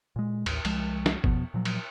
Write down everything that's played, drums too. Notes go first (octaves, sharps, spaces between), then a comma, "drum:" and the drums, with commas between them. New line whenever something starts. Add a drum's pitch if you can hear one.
A#2 G#3
A1 D#2, drum: cymbal
C2 F3 G#3, drum: cymbal
drum: snare
E2 B2 F3 B3, drum: kick G1
A#2 F3 F#3
drum: cymbal